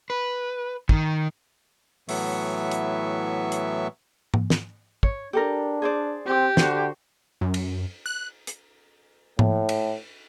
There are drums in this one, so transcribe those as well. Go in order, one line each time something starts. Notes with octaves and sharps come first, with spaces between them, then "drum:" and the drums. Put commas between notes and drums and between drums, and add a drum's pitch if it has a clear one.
B4
D#3, drum: kick
A2 E3 F#3 B3 E5 C#6, drum: open hi-hat
drum: hi-hat
drum: hi-hat
drum: tom G#2
drum: snare
C#5, drum: kick
D4 G4 A4 A#4
G#4 C5 D5
C4 G4
D3 F#4 C5, drum: snare
F#2
drum: cymbal
F#6
drum: hi-hat
A2, drum: tom G#2
drum: cymbal